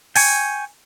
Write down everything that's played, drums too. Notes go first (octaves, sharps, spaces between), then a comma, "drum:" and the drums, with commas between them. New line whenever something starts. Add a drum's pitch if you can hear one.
G5 G#5 C#6, drum: open hi-hat